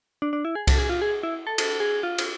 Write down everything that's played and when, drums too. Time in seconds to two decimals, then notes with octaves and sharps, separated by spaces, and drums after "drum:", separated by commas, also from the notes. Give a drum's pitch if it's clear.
0.22 D4
0.33 D4
0.45 E4
0.55 G#4
0.67 A4, drum: kick C2, cymbal
0.78 G#4
0.89 F4
1.02 G#4
1.23 E4
1.47 A4
1.58 A4, drum: cymbal
1.80 G#4
2.03 F4
2.18 drum: cymbal